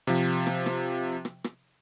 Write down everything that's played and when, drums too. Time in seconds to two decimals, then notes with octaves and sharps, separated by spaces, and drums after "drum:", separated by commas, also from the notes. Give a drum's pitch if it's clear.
0.07 C3 F3
0.46 drum: rim click
0.66 drum: rim click
1.25 drum: rim click
1.44 drum: rim click